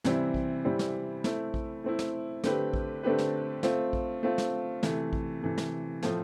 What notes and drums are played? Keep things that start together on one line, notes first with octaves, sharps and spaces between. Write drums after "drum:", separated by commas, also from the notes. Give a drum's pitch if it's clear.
C3 E3 G3 C4 E4, drum: snare
drum: kick A#1
C3 E3 G3 C4 E4
drum: snare
A3 C4 E4, drum: snare
drum: kick A#1
A3 C4 E4
drum: snare
D3 A3 C4 G4 B4, drum: snare
drum: kick A#1
D3 A3 C4 G4 B4
drum: snare
A3 C4 F4, drum: snare
drum: kick A#1
A3 C4 F4
drum: snare
C3 E3 A3, drum: snare
drum: kick A#1
C3 E3 A3
drum: snare
A2 F3 A3 C4, drum: snare